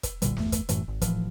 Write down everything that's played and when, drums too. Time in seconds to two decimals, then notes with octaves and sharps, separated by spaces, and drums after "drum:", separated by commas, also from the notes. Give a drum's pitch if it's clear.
0.03 drum: kick, hi-hat
0.22 B1 A#2 D3 G3, drum: hi-hat
0.37 G1 E2 A3, drum: snare
0.52 drum: kick, hi-hat
0.69 F#2 A2 E3, drum: hi-hat
0.88 G#1
1.02 G#1 A2 E3 F3, drum: kick, hi-hat